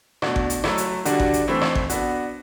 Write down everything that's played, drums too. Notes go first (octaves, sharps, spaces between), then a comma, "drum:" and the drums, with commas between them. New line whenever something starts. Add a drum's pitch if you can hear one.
B2 A3 D4 F#4, drum: rim click
drum: kick G#1
drum: hi-hat
F#3 A3 E4, drum: rim click
drum: hi-hat
D3 G3 D4 F#4, drum: hi-hat
drum: kick G#1
drum: hi-hat
E3 A3 C4 E4
drum: rim click
drum: kick G#1
B3 D4 F#4, drum: hi-hat